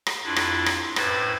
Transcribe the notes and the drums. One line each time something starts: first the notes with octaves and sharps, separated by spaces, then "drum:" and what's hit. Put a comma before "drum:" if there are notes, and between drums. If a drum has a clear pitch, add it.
drum: rim click
F2 D4 E4 F4
drum: rim click
drum: rim click
F#2 A2 B4 C5 G#6 A6, drum: rim click